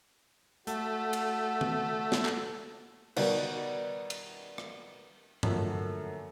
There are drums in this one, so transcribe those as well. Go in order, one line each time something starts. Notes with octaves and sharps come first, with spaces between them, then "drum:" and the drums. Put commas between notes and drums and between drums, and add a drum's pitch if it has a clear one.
A3 F#4, drum: hi-hat
drum: cymbal
drum: tom D#3
drum: snare
drum: clap
B2 D#3 G3 B3, drum: cymbal
drum: cymbal
drum: rim click
F#2 D3 F3 A3 A#3 F#4, drum: tom G2